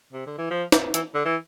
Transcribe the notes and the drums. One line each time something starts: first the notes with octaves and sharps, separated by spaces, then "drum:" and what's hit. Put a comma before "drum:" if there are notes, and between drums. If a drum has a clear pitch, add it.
C3
D3
E3
F3
drum: snare
E3, drum: hi-hat
D3
E3